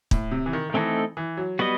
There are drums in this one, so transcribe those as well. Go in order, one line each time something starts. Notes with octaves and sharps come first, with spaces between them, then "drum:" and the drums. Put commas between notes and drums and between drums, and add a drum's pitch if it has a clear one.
A2, drum: kick
C3
E3
D#3
D#3
E3 A3 C4 D#4 A4 D#5
E3
F#3
G3 B3 F#4 B4 D#5